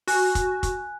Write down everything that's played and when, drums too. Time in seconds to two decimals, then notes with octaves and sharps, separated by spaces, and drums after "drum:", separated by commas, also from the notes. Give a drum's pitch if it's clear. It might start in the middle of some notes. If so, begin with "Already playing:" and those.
0.07 F#4 G#5 F#6, drum: open hi-hat
0.35 drum: kick, hi-hat
0.63 drum: kick, hi-hat